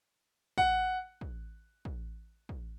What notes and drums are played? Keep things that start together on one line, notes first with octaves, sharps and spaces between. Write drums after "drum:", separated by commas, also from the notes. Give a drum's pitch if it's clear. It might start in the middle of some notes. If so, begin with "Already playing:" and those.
F#5, drum: kick
drum: kick
drum: kick
drum: kick